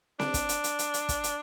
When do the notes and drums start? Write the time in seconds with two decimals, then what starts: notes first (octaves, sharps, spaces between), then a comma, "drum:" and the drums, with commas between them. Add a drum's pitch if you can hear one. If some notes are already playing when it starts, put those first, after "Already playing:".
0.19 D4, drum: snare C4
0.34 drum: kick, hi-hat
0.49 drum: hi-hat
0.64 drum: hi-hat
0.79 drum: hi-hat
0.94 drum: hi-hat
1.09 drum: kick, hi-hat
1.24 drum: hi-hat